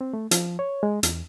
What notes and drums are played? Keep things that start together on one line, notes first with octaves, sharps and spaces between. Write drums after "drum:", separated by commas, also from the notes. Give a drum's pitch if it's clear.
C4
A3
F3, drum: hi-hat
C#5
G#3
E2, drum: hi-hat